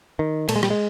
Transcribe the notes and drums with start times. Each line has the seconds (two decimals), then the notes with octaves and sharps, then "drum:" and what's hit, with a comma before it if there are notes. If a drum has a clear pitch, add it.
0.19 D#3
0.49 A#2 A3, drum: cymbal
0.56 G#3
0.63 G3, drum: rim click
0.70 G#3